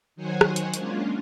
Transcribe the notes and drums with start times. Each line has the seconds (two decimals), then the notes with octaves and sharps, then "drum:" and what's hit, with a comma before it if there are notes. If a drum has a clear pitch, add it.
0.16 D#3 F#3 C5 C#5 F#5 G#5
0.41 drum: rim click
0.56 drum: hi-hat
0.74 G#3 A#3 C#4 D4 F4, drum: hi-hat